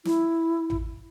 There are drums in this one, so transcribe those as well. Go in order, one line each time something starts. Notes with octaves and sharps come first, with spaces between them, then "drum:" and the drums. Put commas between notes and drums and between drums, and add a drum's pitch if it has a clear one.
E4, drum: snare
drum: tom A1